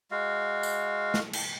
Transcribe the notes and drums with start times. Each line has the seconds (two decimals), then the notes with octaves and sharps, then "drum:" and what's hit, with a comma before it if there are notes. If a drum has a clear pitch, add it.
0.11 G#3 F#4 F5
0.63 drum: tambourine
1.14 drum: snare
1.33 drum: cymbal